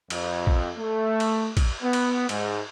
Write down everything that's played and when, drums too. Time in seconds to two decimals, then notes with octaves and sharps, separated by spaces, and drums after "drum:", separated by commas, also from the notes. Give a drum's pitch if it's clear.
0.10 F2, drum: cymbal
0.47 drum: kick
0.78 A3
1.20 drum: cymbal
1.57 drum: kick, cymbal
1.82 B3
1.93 drum: cymbal
2.29 G#2, drum: cymbal